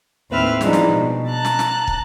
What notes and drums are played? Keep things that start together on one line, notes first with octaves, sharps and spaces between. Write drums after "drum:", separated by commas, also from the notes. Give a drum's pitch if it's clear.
D#2 A2 C4 B4 E5 F6
E3 F3 G3 G#3 D4 D#4, drum: snare
drum: snare
B2
A5 A#5 F#6
drum: snare
drum: snare
drum: kick